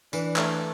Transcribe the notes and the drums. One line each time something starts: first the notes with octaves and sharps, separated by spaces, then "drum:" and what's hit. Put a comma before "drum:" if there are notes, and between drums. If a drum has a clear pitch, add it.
E3 D4, drum: tambourine
A3, drum: clap